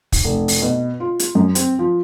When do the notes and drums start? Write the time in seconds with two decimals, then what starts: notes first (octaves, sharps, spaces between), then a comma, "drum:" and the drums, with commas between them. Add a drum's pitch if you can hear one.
0.12 drum: kick, open hi-hat
0.24 F1
0.48 drum: open hi-hat
0.62 B2
1.00 F4
1.19 drum: hi-hat
1.35 F#2
1.55 C4, drum: hi-hat
1.79 F3